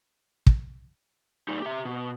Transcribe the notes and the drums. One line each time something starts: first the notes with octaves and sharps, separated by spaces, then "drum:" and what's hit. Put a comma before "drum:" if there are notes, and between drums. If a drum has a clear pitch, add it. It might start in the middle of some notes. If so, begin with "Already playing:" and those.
drum: kick
G3 D#4
G4 E5
B2